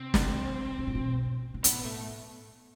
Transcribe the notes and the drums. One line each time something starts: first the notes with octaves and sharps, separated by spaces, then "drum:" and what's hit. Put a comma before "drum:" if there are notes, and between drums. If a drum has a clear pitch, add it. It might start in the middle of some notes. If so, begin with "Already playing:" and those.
Already playing: C3 C4
drum: snare
B2
A2
B2
B2
A2 B3, drum: hi-hat
A3